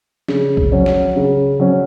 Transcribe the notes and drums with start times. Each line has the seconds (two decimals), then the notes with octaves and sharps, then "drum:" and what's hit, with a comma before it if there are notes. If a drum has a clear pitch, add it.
0.28 C#3, drum: snare
0.57 drum: kick B1
0.72 F#3 C#4
0.86 drum: snare
1.16 C#3
1.59 F#3 C#4